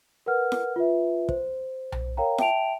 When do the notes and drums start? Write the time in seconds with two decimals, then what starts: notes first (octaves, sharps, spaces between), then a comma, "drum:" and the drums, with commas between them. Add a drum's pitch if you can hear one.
0.26 A#4 B4 F#5 F6
0.52 drum: snare
0.76 F4 B4 E5
1.29 C5, drum: kick
1.92 drum: tom B1
2.17 A#4 C#5 F5 G5 A#5
2.38 E5 G5 A5 D7 F7, drum: snare